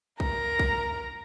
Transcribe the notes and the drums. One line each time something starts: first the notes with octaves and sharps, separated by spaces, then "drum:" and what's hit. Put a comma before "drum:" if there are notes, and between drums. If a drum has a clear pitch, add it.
A#4 A#5, drum: kick
drum: kick